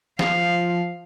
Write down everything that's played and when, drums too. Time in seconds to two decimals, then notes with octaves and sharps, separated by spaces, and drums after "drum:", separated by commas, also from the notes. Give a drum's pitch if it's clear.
0.19 F3 F5, drum: snare